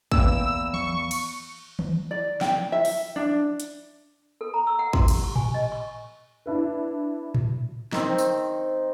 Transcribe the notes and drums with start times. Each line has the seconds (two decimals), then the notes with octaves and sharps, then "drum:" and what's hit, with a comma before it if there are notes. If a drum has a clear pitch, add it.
0.12 E2 A#3 G5 E6, drum: kick
0.74 C#6, drum: tom E3
1.11 drum: cymbal
1.79 drum: tom D#3
2.11 D5
2.41 G5, drum: snare
2.72 E5
2.85 drum: open hi-hat
3.16 D4
3.60 drum: hi-hat
4.41 A4
4.54 A#5
4.67 E6
4.79 F#5
4.93 C6, drum: kick
5.08 G4, drum: cymbal
5.24 C#6
5.36 G#5, drum: tom A2
5.54 D#5
5.72 C#6
6.46 D4 E4 B4
7.35 drum: tom A2
7.93 D#3 C4, drum: snare
8.18 drum: tambourine